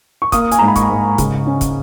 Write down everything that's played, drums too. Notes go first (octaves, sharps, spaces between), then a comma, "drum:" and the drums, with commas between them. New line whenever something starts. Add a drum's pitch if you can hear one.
C#6
A#3 D#6, drum: kick, hi-hat
G#5, drum: hi-hat
G#2 A#5
B5
C#6, drum: kick, hi-hat
G#2
C#3, drum: kick, hi-hat
C#4
drum: kick, hi-hat